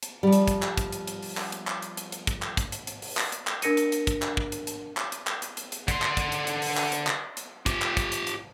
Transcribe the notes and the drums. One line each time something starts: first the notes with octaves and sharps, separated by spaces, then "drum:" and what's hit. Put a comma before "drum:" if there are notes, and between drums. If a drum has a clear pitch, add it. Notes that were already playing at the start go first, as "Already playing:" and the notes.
drum: hi-hat
F3 G3
drum: hi-hat
drum: kick, hi-hat
drum: clap
drum: kick, hi-hat
drum: hi-hat
drum: hi-hat
drum: open hi-hat
drum: clap
drum: hi-hat
drum: clap
drum: hi-hat
drum: hi-hat
drum: hi-hat
drum: kick, hi-hat
drum: clap
drum: kick, hi-hat
drum: hi-hat
drum: hi-hat
drum: open hi-hat
drum: clap
drum: hi-hat
drum: clap
D4 A#4 A#6 C#7 D#7, drum: hi-hat
drum: hi-hat
drum: hi-hat
drum: kick, hi-hat
drum: clap
drum: kick
drum: hi-hat
drum: hi-hat
drum: clap
drum: hi-hat
drum: clap
drum: hi-hat
drum: hi-hat
drum: hi-hat
D3 C6, drum: kick, hi-hat
drum: clap
drum: kick, hi-hat
drum: hi-hat
drum: hi-hat
drum: open hi-hat
drum: clap
drum: hi-hat
drum: clap
drum: hi-hat
F4 G4, drum: kick, hi-hat
drum: clap
drum: kick, hi-hat
drum: hi-hat
drum: hi-hat